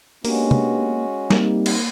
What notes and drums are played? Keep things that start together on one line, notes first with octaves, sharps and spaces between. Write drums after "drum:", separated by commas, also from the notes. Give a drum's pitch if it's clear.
G#3 A#3 B3 C#4 D4 F#4 G4, drum: open hi-hat
drum: tom
G3 A#3 C4 D#4, drum: snare
drum: cymbal